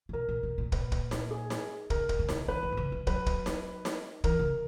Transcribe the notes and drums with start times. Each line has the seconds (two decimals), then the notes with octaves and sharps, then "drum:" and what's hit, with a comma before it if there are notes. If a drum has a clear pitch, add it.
0.09 C#3
0.13 B2 A#4
0.29 A#2
0.43 B2
0.58 A#2
0.72 A#2 B4, drum: kick
0.92 drum: kick
1.11 drum: snare D#4
1.31 G#4
1.50 drum: snare D#4
1.90 C#3 A#4, drum: kick
2.09 drum: kick
2.19 C#3
2.29 drum: snare D#4
2.48 D#3 B4
2.63 D#3
2.72 B2
2.77 C#3
2.92 E3
3.07 F#3 B4, drum: kick
3.26 drum: kick
3.46 drum: snare D#4
3.85 drum: snare D#4
4.24 E3 A#4, drum: kick
4.39 C#3